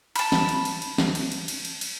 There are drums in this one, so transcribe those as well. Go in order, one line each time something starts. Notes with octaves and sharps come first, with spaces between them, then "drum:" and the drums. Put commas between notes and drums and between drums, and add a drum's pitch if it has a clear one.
A5 B5, drum: cymbal
drum: snare
drum: cymbal
drum: cymbal
drum: cymbal
drum: snare
drum: cymbal
drum: cymbal
drum: cymbal
drum: cymbal
drum: cymbal